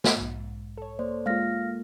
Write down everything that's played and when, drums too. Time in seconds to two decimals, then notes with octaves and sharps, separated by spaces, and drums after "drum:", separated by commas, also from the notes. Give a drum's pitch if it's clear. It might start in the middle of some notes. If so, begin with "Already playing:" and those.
0.04 drum: snare
0.16 B1 G#2
0.78 A4 C#5
0.99 A#3 C5 D5
1.26 G#3 A#3 F4 F5 F6 A#6